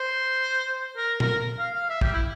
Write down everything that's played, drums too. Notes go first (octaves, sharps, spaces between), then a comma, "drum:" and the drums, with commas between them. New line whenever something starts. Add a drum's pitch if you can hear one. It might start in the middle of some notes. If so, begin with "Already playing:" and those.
Already playing: C5
A#4
A#4, drum: tom A#2
F5
F5
E5
G4, drum: kick
E4